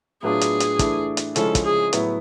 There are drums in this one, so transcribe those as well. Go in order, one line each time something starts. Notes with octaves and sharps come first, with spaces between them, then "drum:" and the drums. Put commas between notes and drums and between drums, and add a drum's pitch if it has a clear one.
A2 F#3 B3 D4 F4 G#4
drum: hi-hat
drum: hi-hat
E3 A3 D4, drum: kick, hi-hat
drum: hi-hat
C#3 F3 G#3 C#4 E4 A4, drum: hi-hat
drum: kick, hi-hat
G#4
A2 F#3 B3 E4, drum: hi-hat